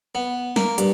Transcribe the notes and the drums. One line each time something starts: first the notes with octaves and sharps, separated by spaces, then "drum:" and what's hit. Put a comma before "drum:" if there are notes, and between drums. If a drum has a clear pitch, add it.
B3
A#3, drum: snare
G2, drum: hi-hat